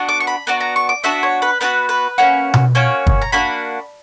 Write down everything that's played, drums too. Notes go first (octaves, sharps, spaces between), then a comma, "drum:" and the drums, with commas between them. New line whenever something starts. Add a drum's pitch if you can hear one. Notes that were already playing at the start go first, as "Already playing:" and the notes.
Already playing: B3 D4 F#4
D6
C#6
B5
B3 D4 F#4 A#5
A#5
C#6
D6
B3 D4 F#4 E5
C#5
B4
B3 D4 F#4 B4
B4
A#3 C#4 F#4
drum: tom B2
A#3 C#4 F#4 C#5
drum: kick
A#5
A#3 D4 F#4 B5